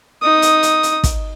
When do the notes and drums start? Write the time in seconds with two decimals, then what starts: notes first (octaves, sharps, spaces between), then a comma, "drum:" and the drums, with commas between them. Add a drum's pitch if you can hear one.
0.22 D#4 D#6
0.42 drum: hi-hat
0.63 drum: hi-hat
0.83 drum: hi-hat
1.04 drum: kick, hi-hat